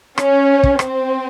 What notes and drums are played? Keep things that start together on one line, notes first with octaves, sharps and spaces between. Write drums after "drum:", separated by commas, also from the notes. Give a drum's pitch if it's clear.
C#4, drum: rim click
drum: kick
C4, drum: rim click